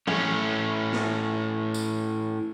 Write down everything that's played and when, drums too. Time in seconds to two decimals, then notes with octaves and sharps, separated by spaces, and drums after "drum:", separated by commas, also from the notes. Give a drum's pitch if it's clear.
0.07 A2 C#4, drum: tom E3
0.93 drum: snare
1.74 drum: tambourine